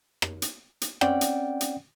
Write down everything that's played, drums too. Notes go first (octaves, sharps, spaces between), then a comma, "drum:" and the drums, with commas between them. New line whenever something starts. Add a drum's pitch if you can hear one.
drum: rim click
drum: hi-hat
drum: hi-hat
C4 C#4 D5 F#5 G5, drum: rim click
drum: hi-hat
drum: hi-hat